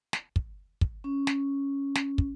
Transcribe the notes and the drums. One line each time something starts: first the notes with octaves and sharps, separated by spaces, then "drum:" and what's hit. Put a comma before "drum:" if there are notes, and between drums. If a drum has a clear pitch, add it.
drum: snare
drum: kick
drum: kick
C#4
drum: snare
drum: snare
drum: kick